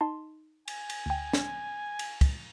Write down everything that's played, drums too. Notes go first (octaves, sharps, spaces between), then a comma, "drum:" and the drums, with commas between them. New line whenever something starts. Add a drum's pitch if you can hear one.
D#4 A5 C6
G#5, drum: cymbal
drum: cymbal
D2 G5
drum: snare
drum: cymbal
drum: kick, cymbal